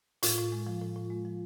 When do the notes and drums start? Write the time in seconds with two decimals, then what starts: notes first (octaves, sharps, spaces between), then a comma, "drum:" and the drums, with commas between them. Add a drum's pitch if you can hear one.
0.23 A2 F4, drum: hi-hat
0.38 A2
0.52 G#3
0.67 F3
0.81 A2
0.96 A2
1.10 G#3
1.25 F3